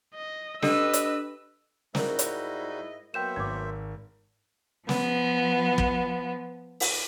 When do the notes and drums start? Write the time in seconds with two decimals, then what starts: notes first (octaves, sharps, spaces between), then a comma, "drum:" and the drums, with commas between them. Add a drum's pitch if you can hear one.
0.14 D#5
0.62 D4 G4 A4 B4 D#5 E6, drum: snare
0.93 drum: hi-hat
1.95 G#2 G3 D#4 E4 F#4 A#4 C5 D#5, drum: snare
2.19 drum: hi-hat
3.14 F#3 A#3 B3 C5 E5 G5 G6 E7
3.36 G#1 D6 G#6
4.89 F3 B3, drum: snare
5.78 drum: kick
6.80 drum: open hi-hat